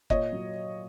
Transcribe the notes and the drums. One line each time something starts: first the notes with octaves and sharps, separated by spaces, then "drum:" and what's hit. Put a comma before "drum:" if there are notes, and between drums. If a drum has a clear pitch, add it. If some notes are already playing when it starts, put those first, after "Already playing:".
A#2 C#5 D#5, drum: kick F#1
F#3